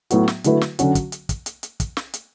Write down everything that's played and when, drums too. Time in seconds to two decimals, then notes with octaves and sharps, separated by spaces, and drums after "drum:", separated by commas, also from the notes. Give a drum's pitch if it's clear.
0.10 A2 F#3 B3 F#4, drum: hi-hat
0.28 drum: snare
0.44 D3 F#3 A3 E4 B4, drum: hi-hat
0.61 drum: snare
0.79 D3 F#3 C#4 F#4, drum: hi-hat
0.95 drum: kick, hi-hat
1.12 drum: hi-hat
1.29 drum: kick, hi-hat
1.46 drum: hi-hat
1.63 drum: hi-hat
1.80 drum: kick, hi-hat
1.97 drum: snare
2.14 drum: hi-hat